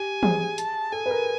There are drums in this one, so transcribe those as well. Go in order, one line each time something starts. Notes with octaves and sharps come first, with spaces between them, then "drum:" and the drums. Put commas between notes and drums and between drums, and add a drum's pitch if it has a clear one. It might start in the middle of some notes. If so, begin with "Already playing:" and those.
Already playing: G4 G#5
G#4, drum: tom E3
A5, drum: hi-hat
A4 G#5
B4
A#4